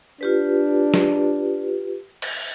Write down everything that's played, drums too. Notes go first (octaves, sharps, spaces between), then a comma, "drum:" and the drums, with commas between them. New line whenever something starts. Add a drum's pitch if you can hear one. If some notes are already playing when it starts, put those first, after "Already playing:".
D4 F4 G4 B4
drum: snare
drum: cymbal